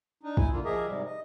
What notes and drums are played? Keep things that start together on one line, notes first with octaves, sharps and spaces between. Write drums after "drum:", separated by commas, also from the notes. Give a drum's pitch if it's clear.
D4 D#4
E4 G#5, drum: kick
D3 A#3 F4
F3 G4 G#4 A#4 D#5 E5
G#2 C3 G3
D#5